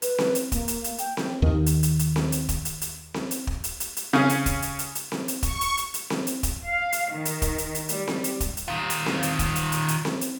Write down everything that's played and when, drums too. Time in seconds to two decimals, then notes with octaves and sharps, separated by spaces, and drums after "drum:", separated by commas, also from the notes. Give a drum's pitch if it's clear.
0.02 B4, drum: hi-hat
0.18 drum: snare C4
0.35 drum: hi-hat
0.52 A#3, drum: kick, hi-hat
0.68 drum: hi-hat
0.84 drum: hi-hat
0.98 G5, drum: hi-hat
1.17 drum: snare C4
1.42 D#2 D#3
1.66 drum: hi-hat
1.83 drum: hi-hat
1.99 drum: hi-hat
2.16 drum: snare C4
2.32 drum: hi-hat
2.49 drum: kick, hi-hat
2.65 drum: hi-hat
2.81 drum: hi-hat
3.14 drum: snare C4
3.31 drum: hi-hat
3.47 drum: kick
3.64 drum: hi-hat
3.80 drum: hi-hat
3.97 drum: hi-hat
4.13 C#3 C#4, drum: snare C4
4.29 drum: hi-hat
4.46 drum: kick, hi-hat
4.62 drum: hi-hat
4.79 drum: hi-hat
4.95 drum: hi-hat
5.12 drum: snare C4
5.28 drum: hi-hat
5.43 C#6, drum: kick, hi-hat
5.61 drum: hi-hat
5.77 drum: hi-hat
5.94 drum: hi-hat
6.10 drum: snare C4
6.27 drum: hi-hat
6.43 drum: kick, hi-hat
6.69 F5
6.92 drum: hi-hat
7.12 D#3
7.25 drum: hi-hat
7.42 drum: kick, hi-hat
7.58 drum: hi-hat
7.75 drum: hi-hat
7.89 G3, drum: hi-hat
8.08 drum: snare C4
8.24 drum: hi-hat
8.40 drum: kick, hi-hat
8.57 drum: hi-hat
8.68 D#3 F4
8.90 drum: hi-hat
9.06 drum: snare C4
9.23 drum: hi-hat
9.39 drum: kick, hi-hat
9.55 drum: hi-hat
9.72 drum: hi-hat
9.88 drum: hi-hat
10.05 drum: snare C4
10.21 drum: hi-hat